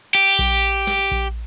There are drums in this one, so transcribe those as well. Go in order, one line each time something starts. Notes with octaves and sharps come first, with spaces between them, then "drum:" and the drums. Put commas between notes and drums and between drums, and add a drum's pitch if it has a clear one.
G4
drum: kick A#1
drum: snare
drum: kick A#1